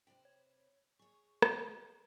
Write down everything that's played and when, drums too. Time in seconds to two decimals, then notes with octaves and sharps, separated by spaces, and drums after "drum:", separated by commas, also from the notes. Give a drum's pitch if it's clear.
0.07 C3 B4 C5 G5
0.25 C#5
0.99 G#4 C#5 C#6
1.42 drum: rim click